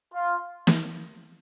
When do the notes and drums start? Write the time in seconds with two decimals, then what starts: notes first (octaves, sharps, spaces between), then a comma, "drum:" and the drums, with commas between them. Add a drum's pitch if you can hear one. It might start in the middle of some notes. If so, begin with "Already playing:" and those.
0.13 F4
0.67 drum: snare